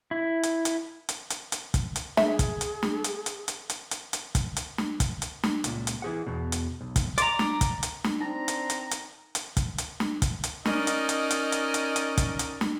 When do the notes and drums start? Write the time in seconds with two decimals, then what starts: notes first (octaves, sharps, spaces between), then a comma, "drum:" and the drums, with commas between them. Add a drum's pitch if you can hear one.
0.11 E4
0.43 drum: hi-hat
0.65 drum: hi-hat
1.09 drum: hi-hat
1.30 drum: hi-hat
1.52 drum: hi-hat
1.74 drum: kick, hi-hat
1.96 drum: hi-hat
2.17 G#4 E5, drum: snare
2.39 drum: kick, hi-hat
2.61 drum: hi-hat
2.83 drum: snare
3.04 drum: hi-hat
3.26 drum: hi-hat
3.48 drum: hi-hat
3.70 drum: hi-hat
3.91 drum: hi-hat
4.13 drum: hi-hat
4.35 drum: kick, hi-hat
4.57 drum: hi-hat
4.78 drum: snare
5.00 drum: kick, hi-hat
5.22 drum: hi-hat
5.43 drum: snare
5.64 C#2 A#2, drum: hi-hat
5.87 drum: hi-hat
6.02 E3 G#4 F#5
6.27 E2 B2
6.52 drum: hi-hat
6.81 B1
6.96 drum: kick, hi-hat
7.18 D5 A#5 C6, drum: hi-hat
7.39 drum: snare
7.61 drum: kick, hi-hat
7.83 drum: hi-hat
8.04 drum: snare
8.21 C4 D4 D#4 A#5
8.48 drum: hi-hat
8.70 drum: hi-hat
8.91 drum: hi-hat
9.35 drum: hi-hat
9.57 drum: kick, hi-hat
9.78 drum: hi-hat
10.00 drum: snare
10.22 drum: kick, hi-hat
10.44 drum: hi-hat
10.65 C#4 D#4 A#4 D5 D#5, drum: snare
10.87 drum: hi-hat
11.09 drum: hi-hat
11.31 drum: hi-hat
11.52 drum: hi-hat
11.74 drum: hi-hat
11.96 drum: hi-hat
12.18 drum: kick, hi-hat
12.39 drum: hi-hat
12.61 drum: snare